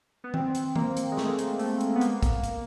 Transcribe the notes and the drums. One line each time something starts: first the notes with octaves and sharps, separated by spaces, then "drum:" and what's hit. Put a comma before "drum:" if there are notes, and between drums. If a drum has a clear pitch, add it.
B3
C4, drum: tom D#3
drum: hi-hat
A#3, drum: tom D#3
drum: hi-hat
G#3
A3, drum: snare
drum: hi-hat
A3, drum: open hi-hat
drum: hi-hat
B3
A#3, drum: hi-hat
drum: kick, hi-hat
drum: hi-hat